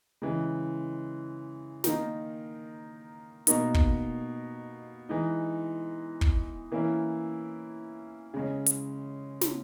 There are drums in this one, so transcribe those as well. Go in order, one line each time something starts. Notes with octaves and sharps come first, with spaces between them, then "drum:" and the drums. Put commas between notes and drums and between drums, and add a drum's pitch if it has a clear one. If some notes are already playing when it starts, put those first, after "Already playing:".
C#3 E3 G#3
D#3 A#3 D#4, drum: snare
B2 A#3 D#4, drum: hi-hat
drum: kick
E3 G#3 D#4
drum: kick
E3 A#3 C#4 E4
C#3 G#3 C#4
drum: hi-hat
drum: snare